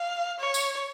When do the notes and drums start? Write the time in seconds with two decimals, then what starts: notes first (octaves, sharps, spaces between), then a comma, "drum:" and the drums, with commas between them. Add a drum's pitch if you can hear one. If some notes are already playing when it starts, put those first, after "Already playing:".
Already playing: F5
0.40 C#5
0.54 drum: tambourine